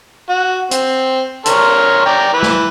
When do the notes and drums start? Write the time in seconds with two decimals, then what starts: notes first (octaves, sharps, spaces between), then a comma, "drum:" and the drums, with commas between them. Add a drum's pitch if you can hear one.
0.29 F#4
0.71 C4, drum: hi-hat
1.46 A#4 C#5 C6, drum: hi-hat
2.05 D5 G5 A#5
2.33 E3 B4
2.43 drum: snare